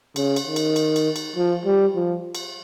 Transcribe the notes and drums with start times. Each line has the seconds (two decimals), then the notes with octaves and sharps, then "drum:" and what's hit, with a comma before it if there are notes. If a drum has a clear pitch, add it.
0.16 C#3, drum: cymbal
0.36 drum: cymbal
0.47 D#3
0.56 drum: cymbal
0.76 drum: cymbal
0.96 drum: cymbal
1.16 drum: cymbal
1.36 F3
1.65 G3
1.95 F3
2.35 drum: cymbal